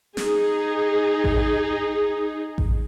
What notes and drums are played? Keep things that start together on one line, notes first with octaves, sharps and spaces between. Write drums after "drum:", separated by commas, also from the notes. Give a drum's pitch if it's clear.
D#4 G#4, drum: snare
drum: kick A1
drum: kick A1